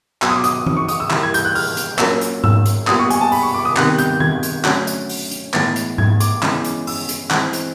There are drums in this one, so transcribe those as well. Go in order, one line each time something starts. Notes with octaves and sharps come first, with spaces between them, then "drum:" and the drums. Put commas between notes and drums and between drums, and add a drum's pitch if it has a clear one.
B2 F#3 B3 E6, drum: clap
D#6
D6
D#6, drum: hi-hat
D#6, drum: tom E3
C#6
D#6, drum: hi-hat
E6
E3 G3 A#3, drum: clap
G#6
G6, drum: hi-hat
F#6
F6, drum: open hi-hat
drum: hi-hat
A#2 F#3 A#3 C#4 E6, drum: clap
drum: hi-hat
E6, drum: tom G#2
drum: hi-hat
A#2 G3 B3 D#6, drum: clap
C#6
G#5, drum: hi-hat
A5
B5, drum: open hi-hat
C#6
D6
D#6
C3 D#3 G3 B3 F#6, drum: clap
G6, drum: hi-hat
G#6, drum: tom D#3
drum: hi-hat
D3 F#3 A3 C#4, drum: clap
drum: hi-hat
drum: open hi-hat
drum: hi-hat
A2 E3 G#3 B3 A6, drum: clap
drum: hi-hat
G#6, drum: tom G#2
D6, drum: hi-hat
C#3 E3 G#3 B3, drum: clap
drum: hi-hat
E6, drum: open hi-hat
drum: hi-hat
E3 G#3 C4, drum: clap
drum: hi-hat